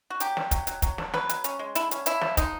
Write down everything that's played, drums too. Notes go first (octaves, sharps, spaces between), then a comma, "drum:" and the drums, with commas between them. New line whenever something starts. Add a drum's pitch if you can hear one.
F#4
F#3 G4, drum: hi-hat
D4, drum: snare
F#3, drum: kick, hi-hat
F#3, drum: hi-hat
F#3, drum: kick, hi-hat
D4, drum: snare
F#3 B4, drum: snare
F#3, drum: hi-hat
C#4, drum: hi-hat
G#3
D3 E4, drum: hi-hat
C#4, drum: hi-hat
F3 E4, drum: hi-hat
F3, drum: snare
G#3 D#4, drum: kick, hi-hat